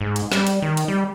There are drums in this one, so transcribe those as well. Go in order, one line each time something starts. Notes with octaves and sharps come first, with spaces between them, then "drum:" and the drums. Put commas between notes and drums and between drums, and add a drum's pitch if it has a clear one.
G#2
drum: hi-hat
G3, drum: snare
drum: hi-hat
D#3
drum: hi-hat
G3